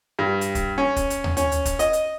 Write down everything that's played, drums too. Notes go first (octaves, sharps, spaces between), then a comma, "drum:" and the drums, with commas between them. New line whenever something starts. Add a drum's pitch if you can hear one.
G2
drum: hi-hat
drum: kick, hi-hat
C#4
drum: kick, hi-hat
drum: hi-hat
drum: tom D#2
C#4, drum: hi-hat
drum: hi-hat
drum: kick, hi-hat
D#5, drum: hi-hat
drum: hi-hat